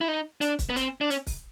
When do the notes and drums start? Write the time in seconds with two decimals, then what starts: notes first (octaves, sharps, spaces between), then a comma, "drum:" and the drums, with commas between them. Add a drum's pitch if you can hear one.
0.01 E4
0.08 D#4
0.41 D4, drum: hi-hat
0.59 drum: kick, hi-hat
0.70 B3
0.76 C4, drum: hi-hat
1.01 D4
1.10 C#4, drum: hi-hat
1.27 drum: kick, open hi-hat